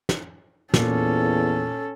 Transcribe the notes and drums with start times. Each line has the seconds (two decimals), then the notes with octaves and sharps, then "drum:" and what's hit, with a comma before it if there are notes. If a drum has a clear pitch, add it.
0.09 drum: snare
0.74 E2 A#2 C#4 A4, drum: snare